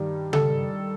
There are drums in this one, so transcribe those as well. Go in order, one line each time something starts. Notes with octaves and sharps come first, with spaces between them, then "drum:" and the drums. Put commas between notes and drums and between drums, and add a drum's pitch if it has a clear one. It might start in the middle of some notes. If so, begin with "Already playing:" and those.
Already playing: G2 D#3 G3
A4, drum: tom C#3